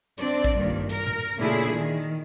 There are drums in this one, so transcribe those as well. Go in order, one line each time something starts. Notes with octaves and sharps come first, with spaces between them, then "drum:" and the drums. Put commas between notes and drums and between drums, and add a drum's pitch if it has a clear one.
C4 D4 D5, drum: hi-hat
drum: kick A1
G2 A#2 D#3
A#4, drum: hi-hat
drum: tom A#2
A#2 C#3 A3 D4 E4 G#4
D#3